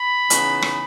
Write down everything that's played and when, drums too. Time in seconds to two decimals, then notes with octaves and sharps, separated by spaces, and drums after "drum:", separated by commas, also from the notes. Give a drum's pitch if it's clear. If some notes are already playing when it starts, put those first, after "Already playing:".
Already playing: B5
0.30 C#3 E3 B3 D#4, drum: hi-hat
0.62 drum: rim click